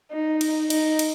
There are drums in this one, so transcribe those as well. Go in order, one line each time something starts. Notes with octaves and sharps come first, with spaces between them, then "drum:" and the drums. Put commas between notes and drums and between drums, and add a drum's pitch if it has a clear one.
D#4
drum: cymbal
D#4, drum: cymbal
drum: cymbal